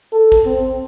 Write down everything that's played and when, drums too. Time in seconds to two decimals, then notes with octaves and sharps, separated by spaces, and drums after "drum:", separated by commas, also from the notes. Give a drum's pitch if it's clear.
0.12 A4
0.32 drum: kick
0.45 C4